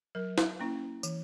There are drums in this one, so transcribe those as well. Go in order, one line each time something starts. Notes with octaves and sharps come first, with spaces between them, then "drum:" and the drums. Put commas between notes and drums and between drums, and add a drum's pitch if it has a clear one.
F#3 A#4
drum: snare
A#3 C#4 E4
E3, drum: tambourine